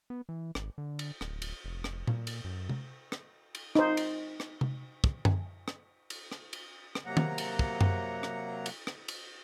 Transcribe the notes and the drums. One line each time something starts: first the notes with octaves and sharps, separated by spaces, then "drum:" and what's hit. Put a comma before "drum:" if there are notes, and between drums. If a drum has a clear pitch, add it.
B3
E3
G#1, drum: rim click
D3
drum: cymbal
D1, drum: rim click
drum: cymbal
F1
drum: rim click
A#2, drum: tom A#2
drum: cymbal
F#2
drum: tom C3
drum: rim click
drum: cymbal
D#4 C5, drum: rim click
drum: cymbal
drum: rim click
drum: tom C3
drum: kick
drum: tom F#2
drum: rim click
drum: cymbal
drum: rim click
drum: cymbal
drum: rim click
C3 F#3 A#3 F#5 A#5
drum: tom
drum: cymbal
drum: kick
drum: tom F#2
drum: rim click
drum: cymbal
drum: rim click
drum: cymbal